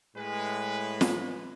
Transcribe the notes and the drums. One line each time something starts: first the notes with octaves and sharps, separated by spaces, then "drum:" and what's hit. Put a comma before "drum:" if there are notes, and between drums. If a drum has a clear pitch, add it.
A2 G#3 B4
drum: snare